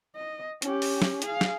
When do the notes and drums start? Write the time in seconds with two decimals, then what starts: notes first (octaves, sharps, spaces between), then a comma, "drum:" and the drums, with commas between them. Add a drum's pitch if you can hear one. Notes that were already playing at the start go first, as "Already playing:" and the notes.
0.16 D#5
0.62 C#4 G4, drum: hi-hat
0.82 drum: open hi-hat
1.02 drum: snare
1.22 G#4 F5, drum: hi-hat
1.41 drum: snare